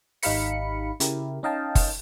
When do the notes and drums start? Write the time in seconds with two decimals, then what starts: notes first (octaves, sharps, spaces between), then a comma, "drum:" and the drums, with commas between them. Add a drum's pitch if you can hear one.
0.23 G#1 D#4 G4 F5 B5 C#7, drum: open hi-hat
1.00 C#3 E4 G4 A#4, drum: hi-hat
1.43 C#4 D#4 D#5 F5 G5 A5
1.75 drum: kick, open hi-hat